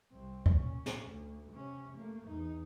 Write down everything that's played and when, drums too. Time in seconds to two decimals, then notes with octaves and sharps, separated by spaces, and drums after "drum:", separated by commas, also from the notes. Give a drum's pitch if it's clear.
0.13 C2 C4
0.46 drum: kick
0.55 A#2 C#4
0.86 drum: snare
1.03 D2
1.53 C3 C#4
1.96 A3 A#3
2.28 E2 D#4